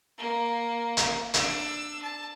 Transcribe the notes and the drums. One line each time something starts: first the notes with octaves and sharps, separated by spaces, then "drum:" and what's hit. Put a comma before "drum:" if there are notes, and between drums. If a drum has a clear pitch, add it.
A#3
drum: hi-hat
D4 E6, drum: hi-hat
A5